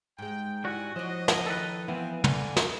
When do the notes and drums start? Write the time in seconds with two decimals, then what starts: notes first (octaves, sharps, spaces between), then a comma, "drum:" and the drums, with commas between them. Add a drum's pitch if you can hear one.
0.19 G#2 G#3 G5
0.65 E4 F#4 G4 D5 F#5 G#5
0.96 F3 D4 E4 C5 C#5 D#5
1.28 drum: snare
1.47 D#3 A4 B4
1.88 E3 B3 C4 F5
2.24 D3 A#3 G#5, drum: tom
2.56 drum: snare